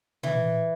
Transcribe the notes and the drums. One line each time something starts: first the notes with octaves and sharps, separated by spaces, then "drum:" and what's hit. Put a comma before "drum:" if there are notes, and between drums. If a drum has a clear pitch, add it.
E3, drum: tom A#2